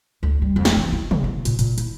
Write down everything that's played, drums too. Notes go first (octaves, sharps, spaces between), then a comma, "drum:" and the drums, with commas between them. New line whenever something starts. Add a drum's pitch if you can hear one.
D2
G3
F2
drum: snare
E3
E4
B3, drum: tom
B3
A#2, drum: hi-hat
A#2, drum: hi-hat
E4, drum: hi-hat